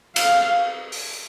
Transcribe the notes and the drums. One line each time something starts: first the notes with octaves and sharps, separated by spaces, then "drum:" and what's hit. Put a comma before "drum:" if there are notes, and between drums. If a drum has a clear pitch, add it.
F5, drum: cymbal
drum: open hi-hat